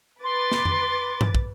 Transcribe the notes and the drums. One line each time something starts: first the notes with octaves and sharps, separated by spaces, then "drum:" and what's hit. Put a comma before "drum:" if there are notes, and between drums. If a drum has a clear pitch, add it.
B4 C6 D6 A6
drum: snare
drum: tom F2
drum: tom G2
drum: kick